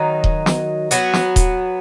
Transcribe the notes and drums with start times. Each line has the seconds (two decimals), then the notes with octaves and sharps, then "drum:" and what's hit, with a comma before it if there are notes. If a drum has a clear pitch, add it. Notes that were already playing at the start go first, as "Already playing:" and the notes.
Already playing: D#3 F#3 D#4
0.24 drum: kick D#1
0.46 drum: snare
0.91 F#3 B3 F#4, drum: hi-hat
1.13 drum: snare
1.36 drum: kick D#1, hi-hat